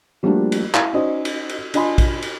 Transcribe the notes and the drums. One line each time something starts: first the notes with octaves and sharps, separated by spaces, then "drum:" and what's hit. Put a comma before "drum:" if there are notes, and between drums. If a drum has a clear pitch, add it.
F3 G3 A3 A#3 D4 F#4
drum: cymbal
E4 F5, drum: clap
C#4 D#4 F#4 C5 D5 D#5
drum: cymbal
drum: cymbal
D4 F4 D#5 G#5 B5 C6, drum: cymbal
drum: kick A#1, cymbal
drum: cymbal